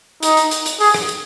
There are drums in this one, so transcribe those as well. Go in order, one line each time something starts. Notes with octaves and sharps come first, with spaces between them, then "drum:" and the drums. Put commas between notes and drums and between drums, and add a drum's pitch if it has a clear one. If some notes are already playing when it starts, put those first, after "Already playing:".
D#4, drum: hi-hat
drum: hi-hat
drum: hi-hat
drum: hi-hat
G#4, drum: open hi-hat
drum: rim click
drum: hi-hat